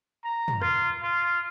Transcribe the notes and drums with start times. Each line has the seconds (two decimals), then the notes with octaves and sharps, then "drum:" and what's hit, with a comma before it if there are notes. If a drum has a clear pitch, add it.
0.24 A#5
0.48 drum: tom
0.62 F4, drum: rim click
1.03 F4